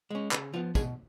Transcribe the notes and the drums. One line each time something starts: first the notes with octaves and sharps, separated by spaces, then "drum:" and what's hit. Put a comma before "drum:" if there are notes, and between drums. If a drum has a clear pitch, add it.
G#3 C#4
C#3 B4, drum: clap
F3 B3 F4
B2 G#4, drum: kick, tambourine